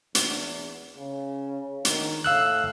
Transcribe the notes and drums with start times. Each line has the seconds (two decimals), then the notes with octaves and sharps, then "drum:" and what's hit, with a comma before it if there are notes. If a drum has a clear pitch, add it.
0.15 E2, drum: hi-hat
0.97 C#3
1.85 D#3, drum: hi-hat
2.24 A2 F5 E6 F#6